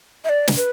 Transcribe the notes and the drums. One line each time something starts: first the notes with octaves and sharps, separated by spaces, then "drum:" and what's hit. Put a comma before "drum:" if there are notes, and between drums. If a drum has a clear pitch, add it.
E5
D5
drum: snare
B4